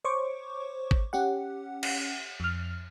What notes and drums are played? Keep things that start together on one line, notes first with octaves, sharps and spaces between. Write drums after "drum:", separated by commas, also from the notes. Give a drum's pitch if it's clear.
C5 C#5 C#6 D6
drum: kick
C#4 G4 F#5
drum: cymbal
F2 F6